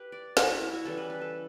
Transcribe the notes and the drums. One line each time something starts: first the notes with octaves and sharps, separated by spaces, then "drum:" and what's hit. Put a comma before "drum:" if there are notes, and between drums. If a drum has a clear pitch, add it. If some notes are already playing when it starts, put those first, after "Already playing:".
Already playing: G4 B4
D5
F#4, drum: snare
E4
E4
F#4
C#3 E3 G3 A4
B4
B4
A4